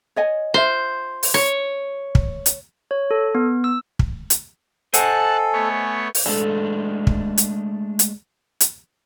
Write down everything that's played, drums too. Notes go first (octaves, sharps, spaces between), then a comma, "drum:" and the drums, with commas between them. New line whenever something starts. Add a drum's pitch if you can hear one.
C#5 D#5 G#5
F4 C5 E5
drum: open hi-hat
C#5
drum: kick
drum: hi-hat
C#5
A4
B3
E6
drum: kick
drum: hi-hat
A4 C5 D#5 F#5 G#5 A5 F#6, drum: hi-hat
A3 B3 C#5
drum: open hi-hat
G#3 A3 D4 A4
drum: kick
drum: hi-hat
drum: hi-hat
drum: hi-hat